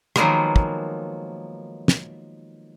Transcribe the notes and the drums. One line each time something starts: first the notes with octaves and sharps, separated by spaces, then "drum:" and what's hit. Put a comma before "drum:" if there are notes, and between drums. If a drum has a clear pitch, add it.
D#3 F3 F#3 G#3 A#3 B3, drum: rim click
drum: kick
drum: snare